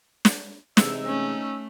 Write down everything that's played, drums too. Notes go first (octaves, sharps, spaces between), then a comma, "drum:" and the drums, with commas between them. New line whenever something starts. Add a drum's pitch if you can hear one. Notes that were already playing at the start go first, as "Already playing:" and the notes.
drum: snare
C3 E3 G#3 D#4 E6, drum: snare
A3 C#4